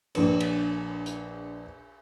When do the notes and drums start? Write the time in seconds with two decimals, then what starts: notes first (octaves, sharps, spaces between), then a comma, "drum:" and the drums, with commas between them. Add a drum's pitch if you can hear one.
0.15 A#1 D4 B4, drum: cymbal
0.40 drum: cymbal
1.06 drum: hi-hat